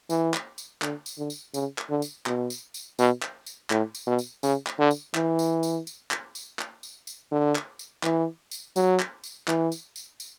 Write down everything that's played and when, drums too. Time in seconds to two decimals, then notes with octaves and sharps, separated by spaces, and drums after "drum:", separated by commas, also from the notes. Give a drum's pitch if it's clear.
0.10 E3, drum: tambourine
0.34 drum: clap
0.58 drum: tambourine
0.82 D3, drum: clap
1.06 drum: tambourine
1.18 D3
1.30 drum: tambourine
1.54 C#3, drum: tambourine
1.78 drum: clap
1.90 D3
2.02 drum: tambourine
2.26 B2, drum: clap
2.50 drum: tambourine
2.74 drum: tambourine
2.99 B2, drum: tambourine
3.22 drum: clap
3.46 drum: tambourine
3.70 A2, drum: clap
3.95 drum: tambourine
4.07 B2
4.19 drum: tambourine
4.43 C#3, drum: tambourine
4.67 drum: clap
4.79 D3
4.91 drum: tambourine
5.15 E3, drum: clap
5.39 drum: tambourine
5.63 drum: tambourine
5.87 drum: tambourine
6.11 drum: clap
6.35 drum: tambourine
6.59 drum: clap
6.83 drum: tambourine
7.07 drum: tambourine
7.31 D3
7.55 drum: clap
7.79 drum: tambourine
8.03 E3, drum: clap
8.51 drum: tambourine
8.76 F#3, drum: tambourine
9.00 drum: clap
9.24 drum: tambourine
9.48 E3, drum: clap
9.72 drum: tambourine
9.96 drum: tambourine
10.20 drum: tambourine